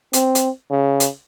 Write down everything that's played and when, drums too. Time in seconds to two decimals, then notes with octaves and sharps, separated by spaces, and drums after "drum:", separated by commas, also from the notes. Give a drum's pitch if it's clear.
0.13 C4, drum: hi-hat
0.35 drum: hi-hat
0.71 C#3
1.00 drum: hi-hat